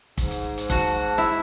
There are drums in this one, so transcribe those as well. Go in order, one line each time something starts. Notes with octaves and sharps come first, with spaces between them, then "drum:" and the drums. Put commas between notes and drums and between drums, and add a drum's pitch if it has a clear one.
G#2, drum: kick, hi-hat
drum: hi-hat
drum: hi-hat
F#4 F#5 A5, drum: kick, hi-hat
E4